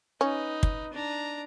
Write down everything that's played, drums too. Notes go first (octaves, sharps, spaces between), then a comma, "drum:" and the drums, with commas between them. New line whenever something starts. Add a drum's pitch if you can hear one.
C#4 D#4 B4
drum: kick
D4 A#5